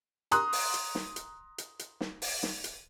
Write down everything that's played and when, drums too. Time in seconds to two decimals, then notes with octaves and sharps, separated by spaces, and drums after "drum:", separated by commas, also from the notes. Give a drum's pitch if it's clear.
0.31 A#5 C6 D#6 F#6, drum: hi-hat
0.53 drum: open hi-hat
0.74 drum: hi-hat
0.95 drum: snare
1.16 drum: hi-hat
1.58 drum: hi-hat
1.79 drum: hi-hat
2.01 drum: snare
2.22 drum: open hi-hat
2.43 drum: snare
2.64 drum: hi-hat